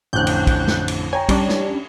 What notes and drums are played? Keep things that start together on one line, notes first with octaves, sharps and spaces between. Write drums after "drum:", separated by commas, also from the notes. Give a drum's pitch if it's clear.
A1 F2 D3 F#6 G6
drum: cymbal
drum: kick B1, cymbal
drum: snare
drum: cymbal
C#5 G5 G#5 A#5
G3 C#4 D4, drum: kick B1, cymbal
drum: snare